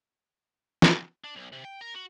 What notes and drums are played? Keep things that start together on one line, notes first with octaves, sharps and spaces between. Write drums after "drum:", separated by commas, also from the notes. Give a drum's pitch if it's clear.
drum: snare
D4
B1
C3
G5
A#4
F#4